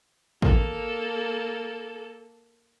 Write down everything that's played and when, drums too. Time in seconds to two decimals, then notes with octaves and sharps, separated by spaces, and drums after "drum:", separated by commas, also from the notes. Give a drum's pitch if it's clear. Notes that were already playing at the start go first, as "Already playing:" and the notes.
0.42 A#3 A4, drum: kick